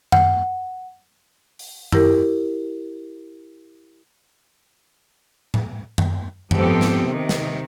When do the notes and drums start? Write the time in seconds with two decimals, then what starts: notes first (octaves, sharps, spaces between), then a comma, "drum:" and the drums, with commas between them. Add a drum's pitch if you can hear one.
0.12 F#5, drum: tom F#2
1.59 drum: open hi-hat
1.92 E4 G4 A#4, drum: tom F#2
5.54 drum: tom A2
5.98 drum: tom F#2
6.51 G#2 F3 B3 C4 G4 A4, drum: tom F#2
6.81 drum: snare
7.05 C3 D#3
7.29 drum: snare